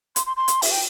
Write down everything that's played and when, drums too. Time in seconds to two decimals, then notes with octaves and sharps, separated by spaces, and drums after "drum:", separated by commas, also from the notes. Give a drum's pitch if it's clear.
0.16 C6, drum: hi-hat
0.26 C6
0.37 C6
0.48 drum: hi-hat
0.62 E5, drum: open hi-hat
0.71 G5